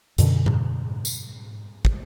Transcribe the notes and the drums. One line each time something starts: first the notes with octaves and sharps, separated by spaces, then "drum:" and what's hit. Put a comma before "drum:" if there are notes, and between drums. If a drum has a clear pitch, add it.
F#2 B2 D3, drum: hi-hat
drum: tom G#2
drum: tambourine
drum: kick